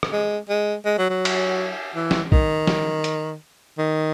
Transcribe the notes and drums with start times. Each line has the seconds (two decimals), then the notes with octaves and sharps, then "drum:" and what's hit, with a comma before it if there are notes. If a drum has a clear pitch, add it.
0.03 drum: rim click
0.12 G#3
0.49 G#3
0.85 G#3
0.98 F#3
1.10 F#3
1.25 drum: cymbal
1.96 E3
2.11 drum: snare
2.32 D#3, drum: kick
2.67 drum: snare
3.04 drum: hi-hat
3.78 D#3